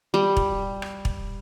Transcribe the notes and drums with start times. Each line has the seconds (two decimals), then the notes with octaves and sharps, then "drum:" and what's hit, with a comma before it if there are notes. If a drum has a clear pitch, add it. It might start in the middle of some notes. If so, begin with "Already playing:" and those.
0.14 G3
0.37 drum: kick
0.82 drum: rim click
1.05 drum: kick